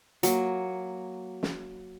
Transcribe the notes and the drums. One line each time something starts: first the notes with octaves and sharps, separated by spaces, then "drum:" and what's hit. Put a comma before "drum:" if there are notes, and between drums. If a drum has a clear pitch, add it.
F#3 A#3, drum: hi-hat
drum: snare